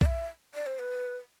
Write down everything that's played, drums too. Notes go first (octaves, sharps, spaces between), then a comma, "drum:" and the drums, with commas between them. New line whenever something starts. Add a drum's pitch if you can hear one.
D5, drum: kick B1
E5
D5
C5
B4